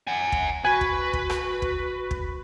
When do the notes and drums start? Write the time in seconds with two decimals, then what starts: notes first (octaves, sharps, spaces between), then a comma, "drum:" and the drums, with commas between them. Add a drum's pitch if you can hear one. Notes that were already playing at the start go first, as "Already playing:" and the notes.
0.07 F#5 G#5
0.32 drum: kick
0.65 F#4 B4 G#5
0.81 drum: kick
1.13 drum: kick
1.30 drum: rim click
1.62 drum: kick
2.11 drum: kick